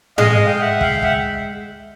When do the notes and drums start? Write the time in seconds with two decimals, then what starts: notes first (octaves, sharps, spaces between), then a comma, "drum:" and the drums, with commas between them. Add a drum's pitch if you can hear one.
0.18 G#3 D#5 F5, drum: tom G#2
0.32 D#5 F5
0.46 F5 G5
0.61 E5 F#5
0.81 F5 G5, drum: kick
1.02 E5 F#5, drum: kick